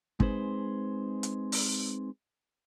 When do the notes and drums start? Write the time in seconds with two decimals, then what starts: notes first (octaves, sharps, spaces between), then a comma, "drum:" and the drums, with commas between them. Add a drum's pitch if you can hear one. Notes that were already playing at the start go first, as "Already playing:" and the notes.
0.20 G#3 C4 D#4 G#4 B4 C5, drum: kick
1.23 drum: hi-hat
1.52 drum: open hi-hat